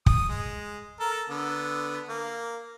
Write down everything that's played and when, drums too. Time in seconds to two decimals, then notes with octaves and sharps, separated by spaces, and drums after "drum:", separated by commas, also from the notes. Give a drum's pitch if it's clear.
0.06 D#6, drum: kick
0.29 G#3
1.00 A4 A#4
1.30 D3 B3
2.09 A#3